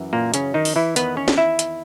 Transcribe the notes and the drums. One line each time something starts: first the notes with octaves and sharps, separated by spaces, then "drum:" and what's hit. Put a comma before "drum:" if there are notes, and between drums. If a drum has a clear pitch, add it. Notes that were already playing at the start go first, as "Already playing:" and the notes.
Already playing: F#2 E3
A#2 A#3
C#3 C#4, drum: hi-hat
D#3 D#4
drum: open hi-hat
E3 E4
E2 D#3 B3 B4, drum: hi-hat
C#4 C#5
drum: snare
E4 E5
drum: hi-hat